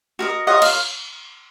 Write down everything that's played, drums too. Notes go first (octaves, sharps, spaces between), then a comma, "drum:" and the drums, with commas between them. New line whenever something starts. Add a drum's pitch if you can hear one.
F#4 A#4 D#5
F4 A#4 C#5 D#5 F#5
F5, drum: cymbal